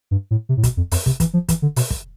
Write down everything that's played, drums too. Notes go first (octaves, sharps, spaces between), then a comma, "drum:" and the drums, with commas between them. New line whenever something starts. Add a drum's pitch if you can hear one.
G2
A2
C3
A2
B2, drum: kick, hi-hat
F2
F2, drum: open hi-hat
C3, drum: kick
E3, drum: kick, hi-hat
F3
E3, drum: kick, hi-hat
D3
B2, drum: open hi-hat
drum: kick